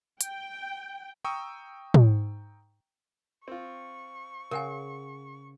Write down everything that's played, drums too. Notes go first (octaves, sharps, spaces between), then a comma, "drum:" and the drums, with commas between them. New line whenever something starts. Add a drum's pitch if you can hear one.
G5, drum: hi-hat
G5 A#5 C#6 D#6 E6
drum: tom
C4 F4 C#6
C#3 A#4 F#5 G#5